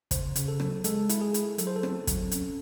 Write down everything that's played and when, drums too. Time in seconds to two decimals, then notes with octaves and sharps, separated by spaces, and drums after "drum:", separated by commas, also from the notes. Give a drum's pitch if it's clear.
0.11 C#3 C5, drum: kick, hi-hat
0.36 C#3, drum: hi-hat
0.48 A4
0.60 F#3, drum: rim click
0.84 G#3 A4, drum: hi-hat
1.09 E4, drum: hi-hat
1.21 G#4
1.34 E4, drum: hi-hat
1.58 F#3 A4, drum: hi-hat
1.67 C5
1.76 A4
1.83 C4, drum: rim click
2.07 F#3, drum: kick, hi-hat
2.32 C#4, drum: hi-hat